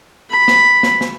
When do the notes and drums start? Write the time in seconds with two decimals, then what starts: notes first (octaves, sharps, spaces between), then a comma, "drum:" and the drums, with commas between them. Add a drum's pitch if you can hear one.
0.30 B5
0.48 drum: snare
0.83 drum: snare
1.01 drum: snare